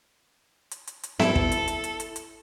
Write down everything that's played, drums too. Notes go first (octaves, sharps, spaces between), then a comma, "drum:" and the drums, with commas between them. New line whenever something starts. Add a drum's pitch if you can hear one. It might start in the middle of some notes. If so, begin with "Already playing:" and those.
drum: hi-hat
drum: hi-hat
drum: hi-hat
E4 A4, drum: snare B3
drum: kick
drum: hi-hat
drum: hi-hat
drum: hi-hat
drum: hi-hat
drum: hi-hat